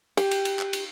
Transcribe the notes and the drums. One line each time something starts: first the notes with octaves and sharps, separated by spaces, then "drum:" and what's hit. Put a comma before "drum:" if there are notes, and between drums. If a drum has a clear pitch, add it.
G4, drum: cymbal
drum: cymbal
drum: cymbal
drum: clap
drum: cymbal